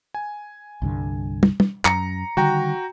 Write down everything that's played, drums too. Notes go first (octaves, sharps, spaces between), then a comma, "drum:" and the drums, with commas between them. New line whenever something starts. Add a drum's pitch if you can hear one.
G#5
C2 G2 D3
drum: tom
drum: tom
F#2 A#5 C#7, drum: clap
D3 D#3 G3 F#4 G5 A#5